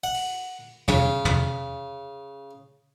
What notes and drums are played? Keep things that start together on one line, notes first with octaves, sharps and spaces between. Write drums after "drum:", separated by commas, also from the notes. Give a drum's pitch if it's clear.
F#5
drum: open hi-hat
C#3, drum: tom
drum: tom